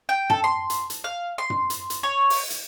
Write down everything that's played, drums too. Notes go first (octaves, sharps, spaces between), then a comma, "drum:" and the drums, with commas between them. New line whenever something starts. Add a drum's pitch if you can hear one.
G5
A4, drum: tom
C6
drum: hi-hat
drum: hi-hat
F5
C6
drum: tom
drum: hi-hat
drum: hi-hat
C#5
drum: open hi-hat
drum: hi-hat